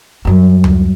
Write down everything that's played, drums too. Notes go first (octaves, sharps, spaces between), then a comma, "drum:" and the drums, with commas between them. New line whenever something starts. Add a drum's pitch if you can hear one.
F#2 G3
drum: tom D2